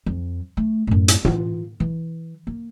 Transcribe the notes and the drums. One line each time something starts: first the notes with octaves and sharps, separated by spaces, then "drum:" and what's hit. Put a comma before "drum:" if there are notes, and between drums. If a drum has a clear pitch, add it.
F2
A3
F#2 A2
drum: hi-hat
E3 F4, drum: tom A2
E3
A#3